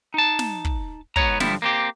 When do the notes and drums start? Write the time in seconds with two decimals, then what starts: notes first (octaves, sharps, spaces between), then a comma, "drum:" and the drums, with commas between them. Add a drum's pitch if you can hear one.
0.14 D#4 A5
0.39 drum: snare
0.65 drum: kick
1.16 G#2 B3 C#5 A#5, drum: kick
1.40 G2 D3 F3 G3 E4, drum: snare
1.62 A#3 C4 G4